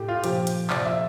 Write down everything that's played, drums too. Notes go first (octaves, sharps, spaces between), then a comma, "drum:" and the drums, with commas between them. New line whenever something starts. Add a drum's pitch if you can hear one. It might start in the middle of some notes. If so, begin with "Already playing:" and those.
Already playing: A2 G4
F4
A#2 F3 G4, drum: hi-hat
drum: hi-hat
A#2 F3 D5, drum: clap
E5